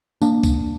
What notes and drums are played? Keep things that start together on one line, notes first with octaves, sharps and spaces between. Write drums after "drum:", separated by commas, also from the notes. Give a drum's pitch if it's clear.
A#3 D4, drum: tambourine
drum: kick, tambourine